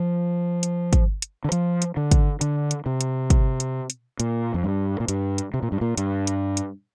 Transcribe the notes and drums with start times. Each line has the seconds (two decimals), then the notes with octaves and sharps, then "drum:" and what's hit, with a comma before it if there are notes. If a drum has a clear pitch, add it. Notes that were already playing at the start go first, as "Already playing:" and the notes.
Already playing: F3
0.63 drum: hi-hat
0.93 drum: kick, hi-hat
1.22 drum: hi-hat
1.44 D3
1.52 F3, drum: hi-hat
1.82 drum: hi-hat
1.97 D3
2.11 drum: kick, hi-hat
2.41 D3, drum: hi-hat
2.71 drum: hi-hat
2.86 C3
3.01 drum: hi-hat
3.30 drum: kick, hi-hat
3.60 drum: hi-hat
3.90 drum: hi-hat
4.20 A#2, drum: hi-hat
4.54 F2
4.64 G2
5.00 A#2
5.08 G2, drum: hi-hat
5.38 drum: hi-hat
5.54 C3
5.63 A#2
5.72 G2
5.81 A#2
5.98 G2, drum: hi-hat
6.27 drum: hi-hat
6.57 drum: hi-hat